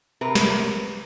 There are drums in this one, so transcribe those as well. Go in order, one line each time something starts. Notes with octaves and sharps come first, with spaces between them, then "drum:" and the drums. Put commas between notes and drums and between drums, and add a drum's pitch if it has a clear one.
C3 A#4 B4
drum: snare